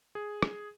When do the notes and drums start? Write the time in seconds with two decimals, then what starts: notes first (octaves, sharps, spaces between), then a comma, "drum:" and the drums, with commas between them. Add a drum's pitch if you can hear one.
0.15 G#4
0.42 drum: rim click